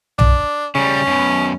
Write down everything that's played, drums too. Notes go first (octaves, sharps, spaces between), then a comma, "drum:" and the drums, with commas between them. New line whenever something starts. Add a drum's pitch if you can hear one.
D4, drum: tom B1
C#3 G3 C#4
F#2 B2